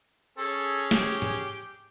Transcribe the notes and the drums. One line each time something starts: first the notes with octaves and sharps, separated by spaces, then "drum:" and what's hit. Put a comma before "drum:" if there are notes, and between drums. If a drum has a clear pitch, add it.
C#4 G#4 A4
G4, drum: snare
drum: tom G#2